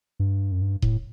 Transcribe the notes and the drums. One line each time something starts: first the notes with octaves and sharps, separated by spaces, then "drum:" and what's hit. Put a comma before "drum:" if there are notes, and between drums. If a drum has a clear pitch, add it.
G2
F#2
G2
A2, drum: kick D#1